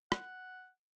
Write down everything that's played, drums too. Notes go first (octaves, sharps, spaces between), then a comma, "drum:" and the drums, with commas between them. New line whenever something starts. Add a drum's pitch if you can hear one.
F#5, drum: rim click